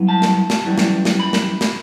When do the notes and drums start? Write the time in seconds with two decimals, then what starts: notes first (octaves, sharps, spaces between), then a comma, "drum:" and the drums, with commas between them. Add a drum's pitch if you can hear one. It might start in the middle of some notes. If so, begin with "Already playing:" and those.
Already playing: G2 F#3 B3 E4
0.08 A5
0.22 drum: snare
0.50 drum: snare
0.64 F#2 E3 G3
0.78 drum: snare
1.05 drum: snare
1.20 B5
1.33 drum: snare
1.61 drum: snare